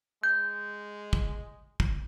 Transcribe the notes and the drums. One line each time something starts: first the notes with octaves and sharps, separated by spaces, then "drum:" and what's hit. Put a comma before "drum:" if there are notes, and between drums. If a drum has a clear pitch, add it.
G#3 G6
drum: kick
drum: kick